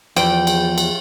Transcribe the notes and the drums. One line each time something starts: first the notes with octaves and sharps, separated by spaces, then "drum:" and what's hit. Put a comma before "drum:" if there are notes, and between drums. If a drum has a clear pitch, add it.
E2 F3 G5, drum: cymbal
drum: cymbal
drum: cymbal